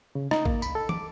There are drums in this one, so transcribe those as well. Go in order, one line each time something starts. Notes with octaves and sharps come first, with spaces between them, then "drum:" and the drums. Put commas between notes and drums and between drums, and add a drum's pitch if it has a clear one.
C#3
D#4, drum: rim click
A#3, drum: kick A1
B5, drum: tambourine
A4
D6, drum: tom